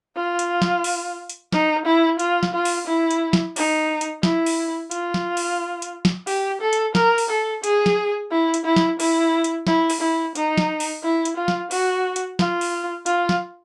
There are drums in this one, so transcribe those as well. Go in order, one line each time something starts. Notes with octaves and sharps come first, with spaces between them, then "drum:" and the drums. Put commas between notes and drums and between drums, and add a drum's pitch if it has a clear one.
F4
drum: hi-hat
drum: snare
drum: open hi-hat
drum: hi-hat
D#4, drum: snare
E4
F4, drum: hi-hat
drum: snare
F4
drum: open hi-hat
E4
drum: hi-hat
drum: snare
D#4, drum: open hi-hat
drum: hi-hat
E4, drum: snare
drum: open hi-hat
F4, drum: hi-hat
drum: snare
drum: open hi-hat
drum: hi-hat
drum: snare
G4, drum: open hi-hat
A4
drum: hi-hat
A#4, drum: snare
drum: open hi-hat
A4
G#4, drum: hi-hat
drum: snare
E4
drum: hi-hat
E4
drum: snare
E4, drum: open hi-hat
drum: hi-hat
E4, drum: snare
drum: open hi-hat
E4
D#4, drum: hi-hat
drum: snare
drum: open hi-hat
E4
drum: hi-hat
F4
drum: snare
F#4, drum: open hi-hat
drum: hi-hat
F4, drum: snare
drum: open hi-hat
F4, drum: hi-hat
drum: snare